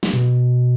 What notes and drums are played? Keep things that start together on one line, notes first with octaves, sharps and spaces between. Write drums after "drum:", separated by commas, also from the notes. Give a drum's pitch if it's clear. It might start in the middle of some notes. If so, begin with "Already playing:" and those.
drum: snare
B2